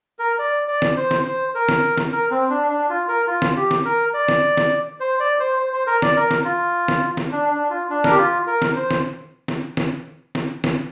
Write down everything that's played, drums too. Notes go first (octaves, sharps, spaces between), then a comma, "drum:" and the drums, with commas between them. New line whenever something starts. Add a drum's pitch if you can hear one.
A#4
D5
D5
drum: snare
C5
drum: snare
C5
A#4
drum: snare
drum: snare
A#4
C4
D4
D4
F4
A#4
F4
drum: snare
G4
drum: snare
A#4
D5
drum: snare
drum: snare
C5
D5
C5
C5
C5
A#4
D5, drum: snare
A#4
drum: snare
F4
drum: snare
drum: snare
D4
D4
F4
D4
A#4, drum: snare
G4
F4
A#4
drum: snare
C5
drum: snare
drum: snare
drum: snare
drum: snare
drum: snare